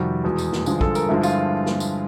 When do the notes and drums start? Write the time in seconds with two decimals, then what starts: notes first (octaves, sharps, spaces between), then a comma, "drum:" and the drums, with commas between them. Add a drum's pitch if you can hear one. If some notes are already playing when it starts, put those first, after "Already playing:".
Already playing: F2 C3 D#3 G3 F#4
0.24 E2 B2 G#3
0.38 drum: tambourine
0.53 drum: snare
0.66 G2 D3 F3 G#3, drum: tambourine
0.81 A4, drum: kick
0.95 A#4, drum: tambourine
1.09 G2 D3 F3 G#3 E4
1.23 F4, drum: tambourine
1.66 drum: snare
1.80 drum: tambourine